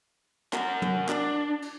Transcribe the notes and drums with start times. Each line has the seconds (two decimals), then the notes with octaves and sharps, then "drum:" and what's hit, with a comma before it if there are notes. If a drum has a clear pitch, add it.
0.53 F#4 A#4, drum: clap
0.82 drum: tom
1.09 D4, drum: clap
1.62 drum: cymbal